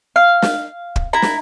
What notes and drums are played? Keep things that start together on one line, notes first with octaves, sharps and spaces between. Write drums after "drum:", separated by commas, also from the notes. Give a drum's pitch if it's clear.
F5
drum: snare
drum: kick
E4 A#5
drum: snare